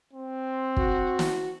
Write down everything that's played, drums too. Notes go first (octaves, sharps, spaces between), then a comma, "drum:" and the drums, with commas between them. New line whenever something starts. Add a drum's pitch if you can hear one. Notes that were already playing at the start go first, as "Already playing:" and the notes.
C4
F#4, drum: kick
drum: snare